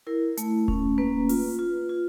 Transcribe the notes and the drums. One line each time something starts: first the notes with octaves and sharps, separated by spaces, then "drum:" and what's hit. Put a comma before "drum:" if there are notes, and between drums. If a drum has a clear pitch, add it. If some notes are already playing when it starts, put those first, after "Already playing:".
E4 A#4
A3, drum: hi-hat
C#4, drum: kick D#1
A#3 B4
F4, drum: open hi-hat
F4
F4